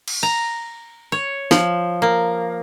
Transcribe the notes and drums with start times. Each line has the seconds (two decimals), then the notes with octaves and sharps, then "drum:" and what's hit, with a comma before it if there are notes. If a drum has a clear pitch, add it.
0.08 drum: cymbal
0.23 A#5
1.12 C#5
1.51 F3, drum: snare
2.02 A#3